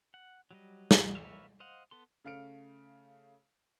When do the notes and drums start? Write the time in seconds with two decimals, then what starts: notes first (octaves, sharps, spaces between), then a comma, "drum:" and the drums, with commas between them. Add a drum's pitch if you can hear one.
0.14 F#5
0.51 F#3 G3 D#5
0.91 drum: snare
1.15 A#4 B4 C#5 E5 F5
1.60 C5 D#5 F5 F#5
1.91 B3 A4 C6
2.24 C#3 A3 F5 F6 C#7 D7